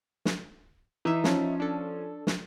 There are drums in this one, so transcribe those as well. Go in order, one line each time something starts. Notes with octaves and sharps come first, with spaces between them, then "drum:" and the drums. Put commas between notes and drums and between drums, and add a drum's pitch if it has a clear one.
drum: snare
E3 D#4 E5
F3 C#4, drum: snare
D4 A4
drum: snare